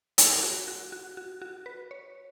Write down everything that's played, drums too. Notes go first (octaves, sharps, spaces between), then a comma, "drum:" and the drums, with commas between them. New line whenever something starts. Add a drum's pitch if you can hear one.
A#4, drum: hi-hat
G#4
A#4
F#4
F#4
F#4
F#4
F#4
B4
C#5